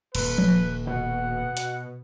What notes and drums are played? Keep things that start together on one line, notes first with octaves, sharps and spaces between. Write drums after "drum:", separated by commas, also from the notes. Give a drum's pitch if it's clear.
D#1 B4, drum: cymbal
drum: tom F3
B2 F#5
drum: hi-hat